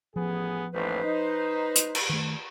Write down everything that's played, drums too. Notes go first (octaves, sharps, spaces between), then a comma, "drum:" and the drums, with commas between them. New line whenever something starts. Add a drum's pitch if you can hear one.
A1 F3 B3 G#4
A1 D#2 B4 C5
D#4
drum: hi-hat
drum: cymbal
D#3 A3